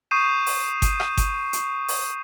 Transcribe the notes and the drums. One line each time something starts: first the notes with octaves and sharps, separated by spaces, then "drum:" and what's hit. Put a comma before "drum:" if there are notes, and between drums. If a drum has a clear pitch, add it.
C#6 D#6 G6 C7 D#7 E7
drum: open hi-hat
drum: kick G1, hi-hat
drum: rim click
drum: kick G1, hi-hat
drum: hi-hat
drum: open hi-hat